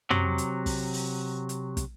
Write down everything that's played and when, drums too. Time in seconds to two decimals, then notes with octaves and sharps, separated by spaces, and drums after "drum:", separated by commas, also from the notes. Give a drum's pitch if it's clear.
0.10 C3 F#3, drum: tom
0.38 drum: hi-hat
0.66 drum: kick, open hi-hat
0.94 drum: open hi-hat
1.49 drum: hi-hat
1.77 drum: kick, hi-hat